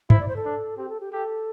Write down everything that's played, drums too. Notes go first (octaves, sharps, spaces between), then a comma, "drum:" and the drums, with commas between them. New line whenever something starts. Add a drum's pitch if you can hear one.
E4 C5, drum: tom G2
D5
C5
A4
D4
C4 G4
A4
G4
G4 A4